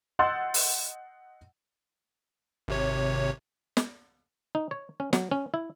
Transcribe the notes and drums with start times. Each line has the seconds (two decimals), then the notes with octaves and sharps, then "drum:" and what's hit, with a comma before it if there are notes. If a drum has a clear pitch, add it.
0.19 D#5 F#5 C6 E6 G6 A6
0.54 drum: open hi-hat
2.68 G#1 C3 C#5
3.77 drum: snare
4.55 D#4
4.71 C#5
5.00 C#4
5.13 F#3, drum: snare
5.31 C#4
5.54 E4